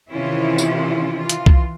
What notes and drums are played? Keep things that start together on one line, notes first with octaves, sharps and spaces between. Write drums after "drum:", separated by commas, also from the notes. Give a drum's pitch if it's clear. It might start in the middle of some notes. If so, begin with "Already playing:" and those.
C3 D#3 E3 C#4 E4 F4
drum: tambourine
E3 F4
drum: hi-hat
drum: kick